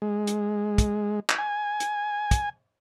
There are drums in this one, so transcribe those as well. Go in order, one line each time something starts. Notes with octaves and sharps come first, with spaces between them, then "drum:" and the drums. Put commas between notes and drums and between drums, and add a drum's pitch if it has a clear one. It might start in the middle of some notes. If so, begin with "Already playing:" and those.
G#3
drum: hi-hat
drum: kick, hi-hat
drum: clap
G#5
drum: hi-hat
drum: kick, hi-hat